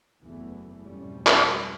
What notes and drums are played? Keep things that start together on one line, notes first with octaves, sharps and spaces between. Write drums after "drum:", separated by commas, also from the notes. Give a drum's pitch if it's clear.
F#1 E2 E3 A3
F2 G#2 B2 G3 A3 C#4
drum: clap